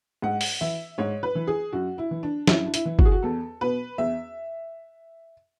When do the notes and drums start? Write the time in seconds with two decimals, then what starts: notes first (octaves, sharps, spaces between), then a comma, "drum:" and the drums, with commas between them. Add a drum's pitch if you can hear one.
0.22 G#2 F#5
0.41 drum: open hi-hat
0.61 E3 E5
0.98 G#2 C#5
1.23 B4
1.35 E3
1.47 G#4
1.73 F#2 F#4
1.98 E4
2.11 E3
2.23 D4
2.47 F#2 E4, drum: snare
2.66 D4
2.74 E4, drum: hi-hat
2.85 E3
2.99 F#4, drum: kick
3.05 G#4
3.12 F#4
3.23 E2 A4
3.61 B2 B4
3.98 E2 E5